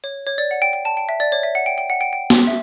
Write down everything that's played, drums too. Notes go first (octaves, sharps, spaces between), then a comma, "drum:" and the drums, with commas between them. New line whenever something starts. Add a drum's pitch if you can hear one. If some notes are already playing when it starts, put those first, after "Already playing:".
C#5
C#5
D5
F#5
G5
G5
A5
G5
E5
D5
C#5
E5
F#5
G5
G5
F#5
G5
G5
drum: snare B3
E5